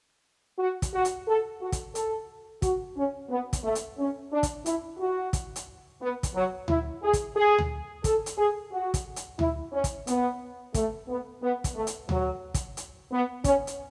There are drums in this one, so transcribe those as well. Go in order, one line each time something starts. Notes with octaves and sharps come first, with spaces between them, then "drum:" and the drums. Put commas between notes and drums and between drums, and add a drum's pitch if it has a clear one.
F#4
drum: kick, hi-hat
F#4
drum: hi-hat
A4
F#4
drum: kick, hi-hat
A4, drum: hi-hat
F#4, drum: kick, hi-hat
C#4
B3
drum: kick, hi-hat
A3
drum: hi-hat
C#4
D4
drum: kick, hi-hat
E4, drum: hi-hat
F#4
drum: kick, hi-hat
drum: hi-hat
B3
drum: kick, hi-hat
F#3
E4, drum: tom D2
G#4
drum: kick, hi-hat
G#4
drum: tom D2
A4, drum: kick, hi-hat
drum: hi-hat
G#4
F#4
drum: kick, hi-hat
drum: hi-hat
E4, drum: tom D2
C#4
drum: kick, hi-hat
B3, drum: hi-hat
A3, drum: kick, hi-hat
B3
B3
drum: kick, hi-hat
A3
drum: hi-hat
F#3, drum: tom D2
drum: kick, hi-hat
drum: hi-hat
B3
C#4, drum: kick, hi-hat
drum: hi-hat